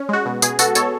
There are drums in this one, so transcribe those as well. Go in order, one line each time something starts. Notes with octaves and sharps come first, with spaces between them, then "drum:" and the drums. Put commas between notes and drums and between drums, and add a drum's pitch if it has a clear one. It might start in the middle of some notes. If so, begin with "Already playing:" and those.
Already playing: C#4
G#3 F#4
B2
B2 G#4, drum: tambourine
B2 F#4 A4, drum: tambourine
B2 A4 C#5, drum: tambourine